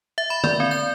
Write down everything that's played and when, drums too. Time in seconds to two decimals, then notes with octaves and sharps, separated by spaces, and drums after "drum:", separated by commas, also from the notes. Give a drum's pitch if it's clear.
0.18 E5
0.30 B5
0.44 D5, drum: tom D3
0.60 C4
0.71 G6